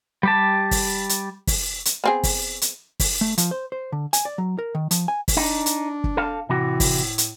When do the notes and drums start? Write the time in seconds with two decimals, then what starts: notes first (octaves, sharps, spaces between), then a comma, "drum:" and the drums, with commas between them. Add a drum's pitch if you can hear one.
0.23 G3 G4 A5
0.71 drum: kick, open hi-hat
1.09 drum: hi-hat
1.47 drum: kick, open hi-hat
1.85 drum: hi-hat
2.04 B3 C4 G#4
2.23 drum: kick, open hi-hat
2.61 drum: hi-hat
3.00 drum: kick, open hi-hat
3.21 A3
3.38 F3, drum: hi-hat
3.51 C5
3.72 C5
3.92 D3
4.13 G#5, drum: hi-hat
4.25 D5
4.38 F#3
4.59 A#4
4.75 D#3
4.91 F3, drum: hi-hat
5.08 G#5
5.28 drum: kick, open hi-hat
5.37 D4 D#4
5.66 drum: hi-hat
6.04 drum: kick
6.17 A4 F5
6.50 A2 C3 E3 F#4
6.80 drum: kick, open hi-hat
7.18 drum: hi-hat